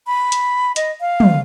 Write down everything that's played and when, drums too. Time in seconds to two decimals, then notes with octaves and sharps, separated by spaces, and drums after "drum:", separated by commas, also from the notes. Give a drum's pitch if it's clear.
0.07 B5
0.32 drum: hi-hat
0.76 D#5, drum: hi-hat
1.01 F5
1.20 drum: tom